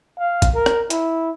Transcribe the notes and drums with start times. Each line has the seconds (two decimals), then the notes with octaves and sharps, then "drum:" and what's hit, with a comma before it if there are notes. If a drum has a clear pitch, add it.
0.18 F5
0.42 drum: kick G#1, hi-hat
0.55 A#4
0.66 drum: rim click
0.90 E4, drum: hi-hat